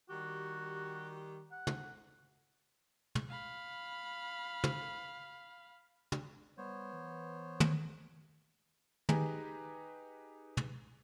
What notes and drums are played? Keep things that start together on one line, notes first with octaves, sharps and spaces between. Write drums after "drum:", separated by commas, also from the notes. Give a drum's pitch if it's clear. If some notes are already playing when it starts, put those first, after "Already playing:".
D#3 G3 F#4 G4
F#5
drum: tom
drum: tom
F5 B5
drum: tom
drum: tom
G3 B3 C5 C#5
E3
drum: tom
D#4 G4 G#4 B4 G#5 A#5, drum: tom
drum: tom